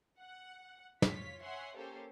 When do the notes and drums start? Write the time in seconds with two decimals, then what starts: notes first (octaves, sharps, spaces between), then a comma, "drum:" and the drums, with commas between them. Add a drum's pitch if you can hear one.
0.21 F#5
1.02 F4 C#5 B6, drum: snare
1.41 C#5 E5 F#5 G#5 C6
1.76 A#3 C#4 G4 A4 C5